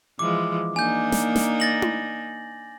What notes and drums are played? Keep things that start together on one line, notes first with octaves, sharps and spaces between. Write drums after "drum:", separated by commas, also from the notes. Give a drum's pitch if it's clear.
E3 F3 G#3 D6
A#3 D4 D#4 G#5 G6
drum: snare
drum: snare
A6 A#6 F#7
drum: tom E4